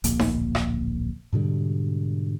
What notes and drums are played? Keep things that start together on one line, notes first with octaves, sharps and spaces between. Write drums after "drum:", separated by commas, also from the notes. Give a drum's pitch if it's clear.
D1 A#1 A#3, drum: hi-hat
drum: snare D#4
drum: rim click
G#2 B2 D3 G3